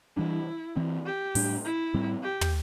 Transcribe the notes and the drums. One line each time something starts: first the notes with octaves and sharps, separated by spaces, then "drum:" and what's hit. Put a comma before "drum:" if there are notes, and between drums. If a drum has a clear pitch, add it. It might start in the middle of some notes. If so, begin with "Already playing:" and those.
E3 G3 D4 E4
E3 C4
G4
A2 G3 D4, drum: open hi-hat
E4
A2 G3 C4
G4
drum: tom